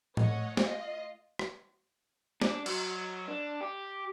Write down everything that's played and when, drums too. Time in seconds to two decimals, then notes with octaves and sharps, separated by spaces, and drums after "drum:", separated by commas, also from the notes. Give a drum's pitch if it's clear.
0.17 A3 C#5 D#5 F#5, drum: tom A2
0.57 F4 D#5, drum: snare
1.39 drum: rim click
2.42 D4, drum: snare
2.66 F#3, drum: cymbal
3.28 D4
3.61 G4